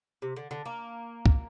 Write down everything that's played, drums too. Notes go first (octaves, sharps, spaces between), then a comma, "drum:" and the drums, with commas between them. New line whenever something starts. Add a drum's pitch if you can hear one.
C3
D3
D3
A#3
drum: kick